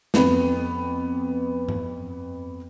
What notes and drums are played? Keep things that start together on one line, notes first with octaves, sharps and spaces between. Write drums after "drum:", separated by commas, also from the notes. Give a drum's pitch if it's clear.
F2 B3, drum: snare
drum: tom G2